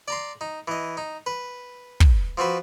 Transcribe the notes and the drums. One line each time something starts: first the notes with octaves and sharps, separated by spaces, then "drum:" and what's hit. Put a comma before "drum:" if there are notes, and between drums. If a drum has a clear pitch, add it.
D5 A#5 C6
D#4
E3 D#5
D#4
B4
drum: kick
F3 C4 F#4 B4